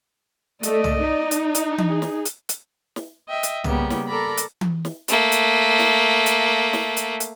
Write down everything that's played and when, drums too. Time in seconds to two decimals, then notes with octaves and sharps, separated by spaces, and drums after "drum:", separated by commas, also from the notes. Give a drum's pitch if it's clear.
0.63 A3 D5 D#5, drum: hi-hat
0.84 drum: tom
1.01 D#4
1.31 drum: hi-hat
1.55 drum: hi-hat
1.78 drum: tom E3
1.88 G#4
2.02 drum: snare
2.25 drum: hi-hat
2.49 drum: hi-hat
2.96 drum: snare
3.29 D#5 E5 G5
3.43 drum: hi-hat
3.64 C#3 G3 A#3 B3 G4, drum: tom
3.90 drum: snare
4.07 A4 A#4 D5 A#5 B5
4.38 drum: hi-hat
4.61 drum: tom E3
4.85 drum: snare
5.08 A3 A#3, drum: hi-hat
5.32 drum: hi-hat
5.79 drum: snare
6.26 drum: hi-hat
6.73 drum: snare
6.97 drum: hi-hat
7.20 drum: hi-hat